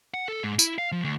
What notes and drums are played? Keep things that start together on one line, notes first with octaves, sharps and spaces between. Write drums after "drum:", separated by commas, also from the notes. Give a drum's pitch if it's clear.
F#5
A4
G#2
E4, drum: tambourine
F5
F3
D2